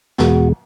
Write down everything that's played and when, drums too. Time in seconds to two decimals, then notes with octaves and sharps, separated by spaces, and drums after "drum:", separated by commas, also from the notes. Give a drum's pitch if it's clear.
0.18 E2 B2 G#3 F#4, drum: snare